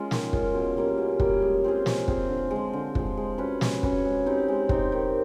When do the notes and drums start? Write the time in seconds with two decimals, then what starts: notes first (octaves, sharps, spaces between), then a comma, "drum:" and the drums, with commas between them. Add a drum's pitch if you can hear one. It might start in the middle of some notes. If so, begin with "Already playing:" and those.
Already playing: G#3 C#4 F4
0.11 D#3, drum: snare
0.33 G#3 C#4 F4, drum: kick
0.54 B2
0.77 G3 A#3 C#4
0.98 B2
1.20 G3 A#3 C#4, drum: kick
1.42 G#3
1.64 C4 F4 G#4
1.86 G#3, drum: snare
2.08 C4 F4 G#4, drum: kick
2.29 D3
2.51 G#3
2.56 F3
2.73 D3
2.95 F3 G#3, drum: kick
3.17 G#3
3.38 C#4 F#4 B4
3.61 G#3, drum: snare
3.83 C#4 F#4 B4, drum: kick
4.05 G#3
4.26 C4 D#4 G4
4.48 G#3
4.69 C4 D#4 G4, drum: kick
4.92 D#3